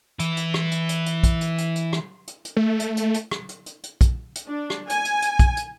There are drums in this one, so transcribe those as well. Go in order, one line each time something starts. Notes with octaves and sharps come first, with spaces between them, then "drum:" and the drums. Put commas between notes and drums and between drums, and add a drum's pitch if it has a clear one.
E3 E4, drum: hi-hat
drum: hi-hat
drum: rim click
drum: hi-hat
drum: hi-hat
drum: hi-hat
drum: kick, hi-hat
drum: hi-hat
drum: hi-hat
drum: hi-hat
drum: rim click
drum: hi-hat
drum: hi-hat
A3
drum: hi-hat
drum: hi-hat
drum: hi-hat
drum: rim click
drum: hi-hat
drum: hi-hat
drum: hi-hat
drum: kick, hi-hat
drum: hi-hat
D4
drum: rim click
G#5, drum: hi-hat
drum: hi-hat
drum: hi-hat
drum: kick, hi-hat
drum: hi-hat